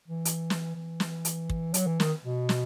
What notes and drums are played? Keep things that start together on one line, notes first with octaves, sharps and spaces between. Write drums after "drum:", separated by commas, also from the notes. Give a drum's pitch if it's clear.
E3
drum: hi-hat
drum: snare
E3
drum: snare
drum: hi-hat
drum: kick
F#3, drum: hi-hat
E3
D#3, drum: snare
B2
drum: snare